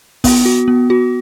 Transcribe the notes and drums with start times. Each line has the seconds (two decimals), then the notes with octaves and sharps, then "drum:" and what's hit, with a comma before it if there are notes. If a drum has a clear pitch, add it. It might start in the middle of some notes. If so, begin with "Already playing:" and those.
0.24 B3, drum: kick, open hi-hat
0.45 F#4
0.68 B3
0.90 F#4